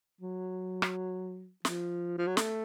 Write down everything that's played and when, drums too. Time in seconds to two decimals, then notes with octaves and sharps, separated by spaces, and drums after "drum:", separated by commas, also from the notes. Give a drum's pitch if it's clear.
0.21 F#3
0.82 drum: rim click
1.65 F3, drum: snare
2.18 F3
2.27 F#3
2.37 A3, drum: snare